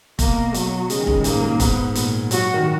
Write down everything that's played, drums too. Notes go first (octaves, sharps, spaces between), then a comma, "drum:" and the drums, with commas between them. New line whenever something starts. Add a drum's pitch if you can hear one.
B2 A#3, drum: kick F1, hi-hat
F#3, drum: hi-hat
C#3 G#3, drum: hi-hat
D#3
C#3, drum: kick F1
A#2
G#2 A#3, drum: hi-hat
G#2
G#2 B3, drum: kick F1, hi-hat
A#2, drum: hi-hat
F#3 F#4, drum: hi-hat
D#3